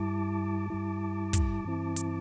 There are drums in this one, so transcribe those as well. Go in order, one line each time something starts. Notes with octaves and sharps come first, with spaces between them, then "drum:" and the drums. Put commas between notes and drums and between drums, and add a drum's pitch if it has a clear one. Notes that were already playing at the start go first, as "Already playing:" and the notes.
Already playing: G2 G3 E4 A5 D6
G2 G3 E4
drum: kick, hi-hat
G2 E3 C4 E4
drum: hi-hat